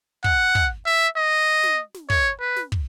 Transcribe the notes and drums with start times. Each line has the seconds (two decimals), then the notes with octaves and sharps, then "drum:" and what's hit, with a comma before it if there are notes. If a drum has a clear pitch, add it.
0.24 F#5, drum: kick
0.55 drum: kick
0.86 E5
1.16 D#5
1.63 drum: snare
1.94 drum: snare
2.10 C#5, drum: kick
2.40 B4
2.56 drum: snare
2.72 drum: kick